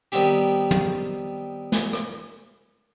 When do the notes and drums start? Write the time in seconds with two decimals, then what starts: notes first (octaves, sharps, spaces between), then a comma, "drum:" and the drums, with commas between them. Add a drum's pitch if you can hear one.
0.12 D#3 G3 B3 C4 G4, drum: hi-hat
0.71 drum: tom
1.72 drum: snare
1.93 drum: rim click